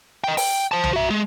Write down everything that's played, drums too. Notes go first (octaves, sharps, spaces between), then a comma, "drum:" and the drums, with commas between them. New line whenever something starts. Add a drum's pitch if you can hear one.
D#5 G5
G5, drum: open hi-hat
C5 A5
drum: tom
F#4 E5
G#3